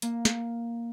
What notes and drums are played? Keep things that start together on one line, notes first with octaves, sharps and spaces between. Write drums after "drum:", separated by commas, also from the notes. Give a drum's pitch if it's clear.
A#3, drum: hi-hat
drum: snare